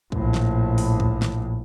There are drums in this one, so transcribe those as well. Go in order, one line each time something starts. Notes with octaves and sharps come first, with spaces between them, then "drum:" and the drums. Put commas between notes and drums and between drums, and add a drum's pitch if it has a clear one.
A#1 A2, drum: kick
drum: snare
drum: open hi-hat
drum: kick
drum: snare